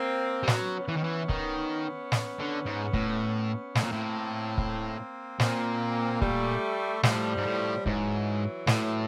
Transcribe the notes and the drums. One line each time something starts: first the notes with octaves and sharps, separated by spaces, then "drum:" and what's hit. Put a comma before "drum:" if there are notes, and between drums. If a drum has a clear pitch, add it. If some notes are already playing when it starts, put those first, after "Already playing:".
Already playing: A#3 C4
G3
F#3 B3 C#4, drum: snare
E3
D#3
E3
D#3, drum: kick
drum: snare
D3
G#2
A2, drum: kick
A2 A#3 C4, drum: snare
A#2
A2
drum: kick
A#2 A#3 C4, drum: snare
G3 A3, drum: kick
A2 F3 G3, drum: snare
G#2
A2
G#2 E3 F#3, drum: kick
A2, drum: snare